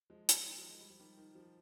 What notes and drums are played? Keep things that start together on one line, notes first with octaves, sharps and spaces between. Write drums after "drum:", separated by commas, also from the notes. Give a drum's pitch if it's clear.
F3 G#3
drum: hi-hat
D#3
F3
G#3
G3
F3
D#3 G3
D#3
F3